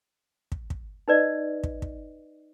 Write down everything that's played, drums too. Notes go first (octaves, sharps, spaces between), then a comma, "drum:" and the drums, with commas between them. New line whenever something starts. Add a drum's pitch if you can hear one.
drum: kick
drum: kick
D#4 B4 D5 D#5
drum: kick
drum: kick